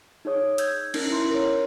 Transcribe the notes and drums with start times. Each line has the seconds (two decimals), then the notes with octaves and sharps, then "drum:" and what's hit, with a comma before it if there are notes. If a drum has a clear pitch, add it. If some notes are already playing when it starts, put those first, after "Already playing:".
0.25 D#4 G#4 C#5 D#6
0.58 E6 G6 G#6, drum: hi-hat
0.94 C#4 D#4 A#4, drum: cymbal
1.10 E4 C6
1.30 A#4 C#5